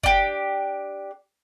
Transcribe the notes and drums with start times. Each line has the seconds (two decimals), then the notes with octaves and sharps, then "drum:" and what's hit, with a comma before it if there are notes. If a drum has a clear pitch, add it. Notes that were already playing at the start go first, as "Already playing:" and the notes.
0.04 D4 G4, drum: kick F#1